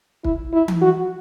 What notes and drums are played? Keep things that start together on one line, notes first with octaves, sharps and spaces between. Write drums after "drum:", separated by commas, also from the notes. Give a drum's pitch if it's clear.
E4, drum: kick
E4
drum: tom E3
F#4